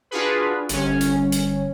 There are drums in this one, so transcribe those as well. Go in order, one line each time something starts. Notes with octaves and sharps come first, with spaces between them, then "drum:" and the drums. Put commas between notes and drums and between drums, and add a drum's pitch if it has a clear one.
D4 F4 F#4 G#4 B4
G1 C#4, drum: hi-hat
drum: hi-hat
drum: hi-hat